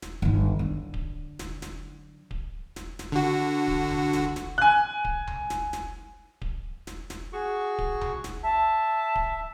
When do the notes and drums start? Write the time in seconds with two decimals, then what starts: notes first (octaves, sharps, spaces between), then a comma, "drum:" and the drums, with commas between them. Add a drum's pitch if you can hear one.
0.02 drum: snare
0.22 G1 D#3
0.59 F#2 D3
0.94 drum: kick D1
1.39 drum: snare
1.62 drum: snare
2.31 drum: kick D1
2.76 drum: snare
2.99 drum: snare
3.12 D3 F#4
3.68 drum: kick D1
3.90 drum: tom C2
4.13 drum: snare
4.36 drum: snare
4.58 G#5 F#6
5.05 drum: kick D1
5.27 drum: tom C2
5.50 drum: snare
5.73 drum: snare
6.42 drum: kick D1
6.87 drum: snare
7.10 drum: snare
7.33 F#4 G#4 C#6
7.78 drum: kick D1
8.01 drum: tom C2
8.24 drum: snare
8.43 E5 A5
9.15 drum: kick D1